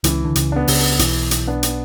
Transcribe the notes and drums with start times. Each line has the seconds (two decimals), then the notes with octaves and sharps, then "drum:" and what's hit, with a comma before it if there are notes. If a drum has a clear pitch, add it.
0.04 C#2 C#3 E3, drum: hi-hat
0.24 D3
0.35 C#2 C#3, drum: hi-hat
0.52 B3 D4
0.68 C#2 C#3, drum: open hi-hat
0.99 B1 B2 E3, drum: hi-hat
1.31 drum: hi-hat
1.47 B3 D4
1.63 drum: hi-hat